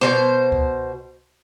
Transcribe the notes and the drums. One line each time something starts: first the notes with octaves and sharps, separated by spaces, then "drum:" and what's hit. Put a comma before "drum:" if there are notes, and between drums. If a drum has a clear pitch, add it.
B2 D#3 C5, drum: snare
drum: kick C#2